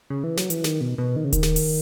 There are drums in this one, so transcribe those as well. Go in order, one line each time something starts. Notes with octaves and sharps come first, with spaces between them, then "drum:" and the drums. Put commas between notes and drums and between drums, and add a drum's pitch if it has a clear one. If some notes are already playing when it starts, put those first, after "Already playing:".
C#3
E3
F#3, drum: snare
E3, drum: hi-hat
D#3, drum: snare
B2
B2
D#3
C#3
D#3, drum: kick D#1, hi-hat
drum: snare
drum: open hi-hat